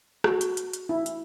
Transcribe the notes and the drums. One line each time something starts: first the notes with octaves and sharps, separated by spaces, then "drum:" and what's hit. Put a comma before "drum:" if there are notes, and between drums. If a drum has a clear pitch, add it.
F#4, drum: rim click
drum: hi-hat
drum: hi-hat
drum: hi-hat
E4
drum: hi-hat